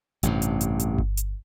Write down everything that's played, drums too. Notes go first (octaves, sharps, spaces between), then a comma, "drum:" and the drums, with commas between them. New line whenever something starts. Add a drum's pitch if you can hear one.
A1 G2 C3, drum: hi-hat
drum: hi-hat
drum: hi-hat
drum: hi-hat
drum: kick G1
drum: hi-hat